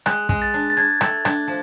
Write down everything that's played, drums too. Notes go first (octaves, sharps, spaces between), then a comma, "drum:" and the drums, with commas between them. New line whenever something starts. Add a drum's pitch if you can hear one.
G#3 F#6, drum: rim click
G#3, drum: kick
A6
D4
A6
D4 G#6
A3, drum: rim click
D4, drum: rim click
F3